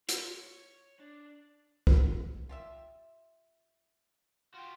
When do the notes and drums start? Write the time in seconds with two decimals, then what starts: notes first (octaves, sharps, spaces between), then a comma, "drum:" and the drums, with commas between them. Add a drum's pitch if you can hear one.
0.09 F4, drum: hi-hat
0.32 C#5
0.99 D4
1.87 drum: kick
2.49 F4 G4 E5
4.54 F4 F#4 G5